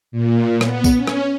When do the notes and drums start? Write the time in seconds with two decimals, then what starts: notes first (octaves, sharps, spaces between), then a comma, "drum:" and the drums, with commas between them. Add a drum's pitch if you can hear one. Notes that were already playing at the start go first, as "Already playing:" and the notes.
0.12 A#2
0.61 B3, drum: rim click
0.84 drum: kick B1, tambourine
0.96 C#4
1.07 drum: rim click